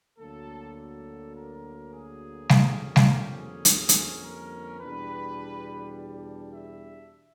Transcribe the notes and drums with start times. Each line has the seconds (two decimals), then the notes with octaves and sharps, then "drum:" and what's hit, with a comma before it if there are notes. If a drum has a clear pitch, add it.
0.19 D2 D3 F#3 A#3 A4
0.77 A4
1.34 A#4
1.92 G#4
2.49 F2 D3 G3 A#3 C#4, drum: snare G3
2.96 drum: snare G3
3.07 G4
3.36 G#4
3.65 drum: hi-hat
3.89 drum: hi-hat
4.23 A#4
4.80 E2 B2 G3 B3 D4 B4
6.53 E5